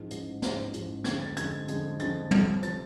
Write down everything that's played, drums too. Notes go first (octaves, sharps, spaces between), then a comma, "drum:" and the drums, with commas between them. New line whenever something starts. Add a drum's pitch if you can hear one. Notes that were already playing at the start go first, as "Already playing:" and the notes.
Already playing: A1 G#2 F3 G#3
A1 G#2 F3 G#3, drum: hi-hat
A1 G#2 F3 G#3, drum: snare
A1 G#2 F3 G#3, drum: hi-hat
F2 D3 G#3 G#6, drum: snare
A6
F2 D3 G#3 G#6, drum: hi-hat
F2 D3 G#3, drum: hi-hat
F2 D3 G#3 A6, drum: hi-hat
F1 F2 F3, drum: tom
F3 A6, drum: hi-hat